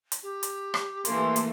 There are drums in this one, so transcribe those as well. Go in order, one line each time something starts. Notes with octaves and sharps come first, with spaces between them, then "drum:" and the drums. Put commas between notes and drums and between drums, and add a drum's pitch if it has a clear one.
drum: hi-hat
G4
drum: hi-hat
drum: rim click
E3 A3 A#3 C6, drum: hi-hat
drum: hi-hat